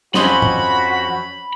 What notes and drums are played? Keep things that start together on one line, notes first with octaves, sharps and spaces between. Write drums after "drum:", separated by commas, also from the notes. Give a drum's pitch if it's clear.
F2 C4 C#4 F#4 D#5 B5 C6, drum: snare
drum: tom